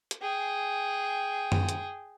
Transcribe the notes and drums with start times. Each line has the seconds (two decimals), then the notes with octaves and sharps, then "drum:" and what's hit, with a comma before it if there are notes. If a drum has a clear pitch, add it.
0.11 drum: hi-hat
0.22 G#4 G5
1.52 drum: tom F#2
1.69 drum: hi-hat